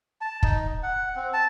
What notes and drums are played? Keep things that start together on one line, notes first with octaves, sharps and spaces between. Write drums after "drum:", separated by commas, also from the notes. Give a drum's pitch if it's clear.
A5
D#4, drum: kick
F#5
C4
A5